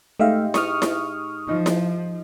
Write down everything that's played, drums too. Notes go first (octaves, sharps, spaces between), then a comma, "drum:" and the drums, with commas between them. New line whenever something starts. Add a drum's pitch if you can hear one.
G#2 A3 D#4 G4 E5 F5
C#6 D#6 F6, drum: snare E4
drum: snare E4
F3 D#4
drum: snare E4